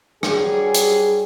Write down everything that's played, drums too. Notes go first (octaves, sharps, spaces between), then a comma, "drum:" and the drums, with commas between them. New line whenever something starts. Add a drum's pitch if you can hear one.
G2 F#3 G3 G#4, drum: rim click
drum: hi-hat